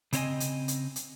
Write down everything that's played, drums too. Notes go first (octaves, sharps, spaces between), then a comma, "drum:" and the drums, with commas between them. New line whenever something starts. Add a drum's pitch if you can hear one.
C#3 C4 C#5 D#5 G#5, drum: hi-hat
drum: hi-hat
drum: hi-hat
drum: hi-hat